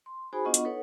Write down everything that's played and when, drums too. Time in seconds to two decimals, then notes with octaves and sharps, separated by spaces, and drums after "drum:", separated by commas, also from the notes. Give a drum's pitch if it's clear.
0.06 C6
0.33 D#4 F#4 G#4 C5 G#5 B5
0.45 B3 D4 F4 D#5 F#5 C#6
0.54 drum: hi-hat
0.64 D#4 A4 B4 C#5 F#5